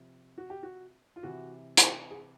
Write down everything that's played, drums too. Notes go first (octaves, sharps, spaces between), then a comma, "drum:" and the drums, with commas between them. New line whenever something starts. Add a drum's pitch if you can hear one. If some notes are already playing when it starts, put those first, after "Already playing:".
Already playing: C3 F3
F#4
G4
F#4
F4
C3 E3 F#4
drum: hi-hat
G#4